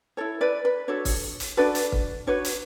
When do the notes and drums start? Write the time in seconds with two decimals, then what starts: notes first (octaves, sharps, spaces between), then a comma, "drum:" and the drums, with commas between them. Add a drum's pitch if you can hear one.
0.17 E4 A4 C#5
0.41 B4 D5
0.65 B4
0.88 D4 F#4 A4 C#5
1.05 drum: kick, open hi-hat
1.40 drum: hi-hat
1.57 D4 F#4 A4 B4 D5
1.75 drum: hi-hat
1.92 drum: kick
2.27 D4 F#4 B4 C#5
2.45 drum: hi-hat